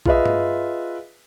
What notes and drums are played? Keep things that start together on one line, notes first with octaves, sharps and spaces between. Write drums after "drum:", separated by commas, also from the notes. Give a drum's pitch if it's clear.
F4 G#4 B4 D#5 E5, drum: kick A#1
drum: tom G2